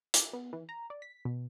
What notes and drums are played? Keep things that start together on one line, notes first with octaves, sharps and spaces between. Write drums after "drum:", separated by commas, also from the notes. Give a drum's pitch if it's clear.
D6, drum: hi-hat
B3
E3
A#5
D5
B6
B2